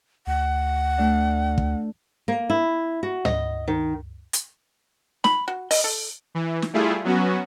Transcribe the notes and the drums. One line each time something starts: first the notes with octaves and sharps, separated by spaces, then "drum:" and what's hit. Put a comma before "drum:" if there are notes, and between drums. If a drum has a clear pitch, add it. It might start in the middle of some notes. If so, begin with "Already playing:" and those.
D2 F#5
A3 D4
drum: kick
A#3
E4
F#4
D#5, drum: tom
D#3
drum: hi-hat
B5, drum: snare
F#4
D#5, drum: open hi-hat
A4
E3
drum: snare
G3 A3 E4 F4 G#4
F#3 B3 C#4 F#4